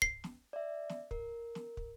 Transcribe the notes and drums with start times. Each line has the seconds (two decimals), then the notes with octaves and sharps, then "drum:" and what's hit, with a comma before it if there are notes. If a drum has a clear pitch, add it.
0.02 C7, drum: kick
0.24 drum: snare
0.53 D5 E5
0.89 drum: snare
1.11 A#4, drum: kick
1.55 drum: snare
1.77 drum: kick